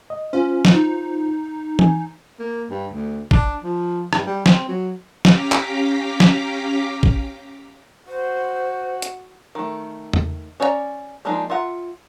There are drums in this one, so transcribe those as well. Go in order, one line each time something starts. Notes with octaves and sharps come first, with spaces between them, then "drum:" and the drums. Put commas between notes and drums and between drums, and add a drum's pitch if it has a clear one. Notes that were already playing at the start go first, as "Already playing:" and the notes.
D#5
C#4 F4 C5
drum: snare
D#4
G#5, drum: tom E3
A#3
G2
D2
D4, drum: kick A#1
F3
G2, drum: rim click
G3
C4, drum: snare
F#3
C#4 G4 F5 A#5 D6 B6, drum: snare
drum: clap
drum: snare
drum: kick A#1
F#4 C5
drum: hi-hat
D#3 A3
drum: tom E2
C#4 C#5 D5 F#5 A#5
F3 G#3 A#3 D4 D#4
F4 E5 F#5 A#5